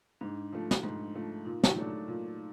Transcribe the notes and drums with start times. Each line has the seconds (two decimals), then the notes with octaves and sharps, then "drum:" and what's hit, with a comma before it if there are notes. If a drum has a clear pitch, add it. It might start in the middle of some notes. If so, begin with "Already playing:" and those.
0.21 G#2 D4
0.52 F3 A3
0.71 drum: snare
0.83 G#2
1.15 F3 A3
1.45 A#2 D#4
1.64 drum: snare
1.76 F#3 A3 D4
2.08 A#2